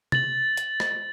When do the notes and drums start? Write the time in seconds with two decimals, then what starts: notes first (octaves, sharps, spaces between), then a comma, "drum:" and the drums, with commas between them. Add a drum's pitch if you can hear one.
0.12 A6 F#7, drum: tom C3
0.57 drum: hi-hat
0.80 drum: rim click